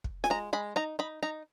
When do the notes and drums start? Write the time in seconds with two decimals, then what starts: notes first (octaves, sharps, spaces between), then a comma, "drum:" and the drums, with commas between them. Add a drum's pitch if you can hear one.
0.04 drum: kick
0.24 G#5, drum: snare F4
0.30 G#3 A#5
0.53 G#3 B5
0.76 D#4 A#5
0.99 D#4 B5
1.23 D#4 A#5